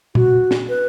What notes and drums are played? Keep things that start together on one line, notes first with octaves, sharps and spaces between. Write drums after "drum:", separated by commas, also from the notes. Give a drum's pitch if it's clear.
F#4, drum: tom A#2
drum: snare
B4